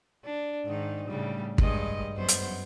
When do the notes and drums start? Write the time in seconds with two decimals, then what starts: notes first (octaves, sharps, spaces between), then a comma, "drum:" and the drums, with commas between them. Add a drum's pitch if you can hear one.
0.25 D4
0.66 G#2 D#3 D#4
1.08 A2 C#3 G3
1.58 G2 G#3 D#5, drum: kick
2.16 F#2 B3 C5
2.28 drum: hi-hat